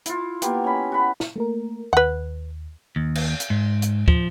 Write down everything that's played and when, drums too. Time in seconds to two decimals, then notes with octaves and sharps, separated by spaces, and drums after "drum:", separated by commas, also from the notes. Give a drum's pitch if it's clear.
0.06 E4 F4, drum: hi-hat
0.42 A#3 B3 G4 A#4, drum: hi-hat
0.64 C#4 B5
0.92 F#4 B5
1.20 drum: snare
1.36 A3 A#3 A#4
1.93 D#2 B4 F#5
2.96 D#2
3.15 drum: cymbal
3.40 drum: hi-hat
3.50 G#2
3.82 drum: hi-hat
4.08 F3, drum: kick